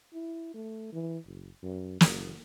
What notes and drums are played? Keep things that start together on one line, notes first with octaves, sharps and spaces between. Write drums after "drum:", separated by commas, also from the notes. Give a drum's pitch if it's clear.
E4
A3
E3
F#1
F#2
F#1, drum: snare